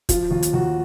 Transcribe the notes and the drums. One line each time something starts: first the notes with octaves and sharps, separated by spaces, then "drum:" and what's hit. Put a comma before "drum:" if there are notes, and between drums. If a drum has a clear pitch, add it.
F3 F4, drum: kick, hi-hat
D#2 F4
drum: hi-hat
D#2 F#4